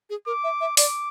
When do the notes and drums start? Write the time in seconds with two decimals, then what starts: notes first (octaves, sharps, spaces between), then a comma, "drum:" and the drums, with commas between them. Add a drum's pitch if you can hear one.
0.10 G#4
0.27 A#4 D6
0.44 E5
0.61 E5
0.77 D5 D6, drum: open hi-hat